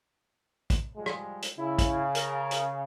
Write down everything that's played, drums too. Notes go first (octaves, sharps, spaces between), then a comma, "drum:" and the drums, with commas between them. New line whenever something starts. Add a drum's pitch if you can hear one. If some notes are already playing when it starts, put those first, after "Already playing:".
drum: kick, hi-hat
F3 G3 G#3
drum: rim click
drum: hi-hat
C#3 E4
drum: kick, hi-hat
A#4, drum: hi-hat
drum: hi-hat